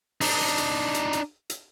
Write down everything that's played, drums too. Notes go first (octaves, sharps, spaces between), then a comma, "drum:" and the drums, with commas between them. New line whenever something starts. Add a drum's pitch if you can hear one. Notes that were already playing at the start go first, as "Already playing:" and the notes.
D4 D#4, drum: open hi-hat
drum: hi-hat
drum: hi-hat
drum: hi-hat
drum: hi-hat